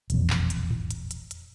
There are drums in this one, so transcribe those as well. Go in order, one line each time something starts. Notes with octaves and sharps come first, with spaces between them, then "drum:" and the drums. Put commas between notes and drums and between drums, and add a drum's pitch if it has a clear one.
E1 A#1 F2, drum: hi-hat
drum: clap
drum: hi-hat
drum: tom G#2
drum: hi-hat
drum: hi-hat
drum: hi-hat